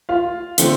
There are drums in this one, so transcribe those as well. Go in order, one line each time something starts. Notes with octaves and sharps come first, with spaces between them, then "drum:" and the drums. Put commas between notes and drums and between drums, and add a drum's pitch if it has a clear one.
F4 F5
D3 F3 A3 C4, drum: hi-hat